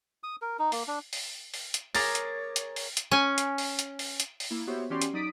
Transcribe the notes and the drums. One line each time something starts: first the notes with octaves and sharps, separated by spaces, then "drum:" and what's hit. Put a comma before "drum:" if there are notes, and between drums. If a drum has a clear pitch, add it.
D#6
A#4
D#4
A#3, drum: open hi-hat
D4
drum: open hi-hat
drum: open hi-hat
drum: hi-hat
G#4 A#4 C#5 A#5 D6 A6, drum: open hi-hat
drum: hi-hat
drum: hi-hat
drum: open hi-hat
drum: hi-hat
C#4 G#5
drum: hi-hat
drum: open hi-hat
drum: hi-hat
drum: open hi-hat
drum: hi-hat
drum: open hi-hat
A#3 E4
B3 F#4 G4 C5 C#5 E5
E3 C#4 F#4 G4 D5 C6
drum: hi-hat
F#3 D#4 D5 D#6 B6 D7